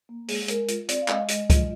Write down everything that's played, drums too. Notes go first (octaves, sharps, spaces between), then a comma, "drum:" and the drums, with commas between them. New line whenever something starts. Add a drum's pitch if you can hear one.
A#3
G#3 G#4, drum: open hi-hat
G#3 A#4, drum: hi-hat
F4, drum: hi-hat
C4 D5, drum: hi-hat
F5
G#3 D#5, drum: clap
G#3, drum: hi-hat
F4, drum: kick C#2, hi-hat